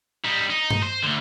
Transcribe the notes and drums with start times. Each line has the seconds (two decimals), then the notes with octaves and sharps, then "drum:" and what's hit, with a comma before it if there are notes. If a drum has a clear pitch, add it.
0.24 G3 D#4
0.50 D#4
0.70 drum: tom G2
0.83 C5
1.03 D2 D3